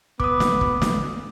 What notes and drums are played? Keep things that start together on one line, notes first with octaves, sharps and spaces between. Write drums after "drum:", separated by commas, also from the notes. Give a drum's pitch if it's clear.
B3 D6 D#6, drum: kick
drum: snare
drum: kick
drum: snare